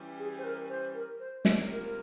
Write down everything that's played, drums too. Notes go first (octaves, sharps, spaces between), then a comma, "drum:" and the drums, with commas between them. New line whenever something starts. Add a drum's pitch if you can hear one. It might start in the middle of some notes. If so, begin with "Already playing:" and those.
Already playing: E3 G3 C#4 G4
G#4
C5
A#4
C5
A#4
C5
C3 G3 A#3 F4 C#5, drum: snare
A#4
A#4